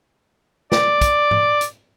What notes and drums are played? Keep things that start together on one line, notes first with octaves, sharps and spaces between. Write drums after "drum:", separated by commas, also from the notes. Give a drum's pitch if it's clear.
D5, drum: snare
drum: kick, hi-hat
drum: tom G#2
drum: hi-hat